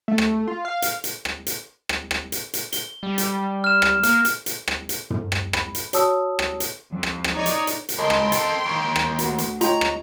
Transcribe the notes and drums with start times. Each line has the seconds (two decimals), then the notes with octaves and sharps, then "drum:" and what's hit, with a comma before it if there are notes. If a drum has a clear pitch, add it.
0.08 A3
0.18 drum: rim click
0.47 F4
0.65 F5
0.82 drum: hi-hat
1.04 drum: hi-hat
1.25 drum: rim click
1.47 drum: hi-hat
1.89 drum: rim click
2.11 drum: rim click
2.32 drum: hi-hat
2.54 drum: hi-hat
2.73 G7, drum: hi-hat
3.03 G3
3.18 drum: hi-hat
3.64 F6 E7
3.82 drum: rim click
4.03 A#3 F6, drum: hi-hat
4.25 drum: hi-hat
4.46 drum: hi-hat
4.68 drum: rim click
4.89 drum: hi-hat
5.10 drum: tom
5.32 drum: rim click
5.53 B5, drum: rim click
5.75 drum: hi-hat
5.93 F#4 C#5 D5 A5 D#6 E6, drum: hi-hat
6.39 drum: rim click
6.60 drum: hi-hat
6.92 F2 F3
7.03 drum: rim click
7.24 drum: rim click
7.34 D#4 C#5 D5
7.46 drum: hi-hat
7.67 drum: hi-hat
7.89 drum: hi-hat
7.98 C#2 A#4 D#5 G5 A5 C6
8.10 drum: rim click
8.32 C4 A4 A6, drum: hi-hat
8.65 D#2 C#6
8.96 drum: rim click
9.19 D2 F#4, drum: hi-hat
9.38 drum: hi-hat
9.61 D#4 F4 C#5 G5 A#5, drum: hi-hat
9.81 drum: rim click